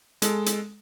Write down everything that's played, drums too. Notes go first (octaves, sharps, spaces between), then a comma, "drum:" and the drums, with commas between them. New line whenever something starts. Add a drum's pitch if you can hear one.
G#3 A4, drum: hi-hat
drum: hi-hat